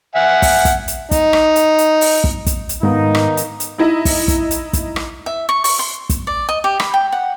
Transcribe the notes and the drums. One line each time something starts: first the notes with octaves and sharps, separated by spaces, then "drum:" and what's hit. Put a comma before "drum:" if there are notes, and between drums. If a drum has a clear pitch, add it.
E5 F#5 G#5
drum: kick, open hi-hat
drum: kick, hi-hat
drum: hi-hat
D#4, drum: kick, hi-hat
drum: rim click
drum: hi-hat
drum: hi-hat
drum: open hi-hat
drum: kick
drum: kick, hi-hat
drum: hi-hat
G#2 D#3 A#3 B3 D#4
drum: rim click
drum: hi-hat
drum: hi-hat
D#4 E4 D#5
drum: kick, open hi-hat
drum: kick, hi-hat
drum: hi-hat
drum: kick, hi-hat
drum: rim click
E5
C#6
C#6, drum: open hi-hat
C6
drum: kick, hi-hat
D5
D#5
G4
B5, drum: rim click
G5
F#5